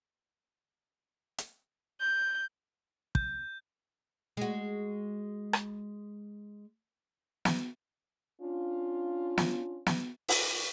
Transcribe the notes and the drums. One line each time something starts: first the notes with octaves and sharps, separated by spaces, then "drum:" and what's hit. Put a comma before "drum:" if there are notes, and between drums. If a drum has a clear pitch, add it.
drum: hi-hat
G6
G6, drum: kick
G#3 F#4
drum: rim click
drum: snare
C#4 D4 F4
drum: snare
drum: snare
drum: open hi-hat